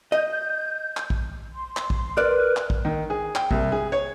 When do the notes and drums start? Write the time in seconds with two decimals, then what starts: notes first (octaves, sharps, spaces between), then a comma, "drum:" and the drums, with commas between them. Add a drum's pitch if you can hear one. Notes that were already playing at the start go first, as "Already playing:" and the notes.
0.12 D#5 G6
0.97 drum: clap
1.10 drum: kick
1.53 C6
1.77 drum: clap
1.90 drum: kick
2.18 A#4 B4 D5
2.57 drum: clap
2.70 drum: kick
2.85 D#3
3.10 G#4
3.35 G5, drum: clap
3.51 C2, drum: kick
3.72 G#4
3.92 C#5